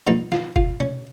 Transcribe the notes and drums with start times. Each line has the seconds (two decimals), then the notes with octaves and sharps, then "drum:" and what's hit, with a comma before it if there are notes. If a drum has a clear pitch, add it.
0.07 G2 F3 A#3 D#4
0.32 F4, drum: snare
0.56 F4, drum: kick
0.80 C#4, drum: tom